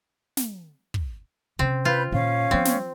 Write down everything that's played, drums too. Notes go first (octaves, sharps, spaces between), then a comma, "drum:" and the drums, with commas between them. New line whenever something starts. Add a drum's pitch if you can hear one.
drum: snare
drum: kick
C3 C4 C#4
F4 B4 B5 G6
A#2 D#3 C#4 F5
F3 B3 C4
drum: snare